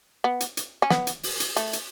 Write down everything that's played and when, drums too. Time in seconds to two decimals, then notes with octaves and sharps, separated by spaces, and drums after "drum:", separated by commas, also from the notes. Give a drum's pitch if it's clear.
0.24 B3
0.40 drum: hi-hat
0.57 drum: hi-hat
0.82 C#4
0.90 B3, drum: snare
1.07 drum: hi-hat
1.23 drum: open hi-hat
1.40 drum: hi-hat
1.56 A3, drum: hi-hat
1.73 drum: hi-hat